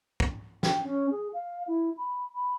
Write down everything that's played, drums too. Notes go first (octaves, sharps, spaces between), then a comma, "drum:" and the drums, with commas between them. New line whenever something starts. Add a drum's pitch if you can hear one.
drum: kick
G5, drum: snare
C#4
G#4
F5
E4
B5
B5